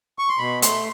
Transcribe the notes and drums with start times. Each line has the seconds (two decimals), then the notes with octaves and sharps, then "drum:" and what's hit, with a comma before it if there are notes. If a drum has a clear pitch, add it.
0.19 C#6
0.29 C6
0.38 B2 B5
0.62 A3 C6, drum: hi-hat